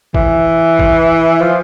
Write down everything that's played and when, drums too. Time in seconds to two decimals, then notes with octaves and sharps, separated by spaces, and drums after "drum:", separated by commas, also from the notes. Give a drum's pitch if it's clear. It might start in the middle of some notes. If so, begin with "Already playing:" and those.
0.14 E3, drum: kick
0.79 drum: kick
1.41 F3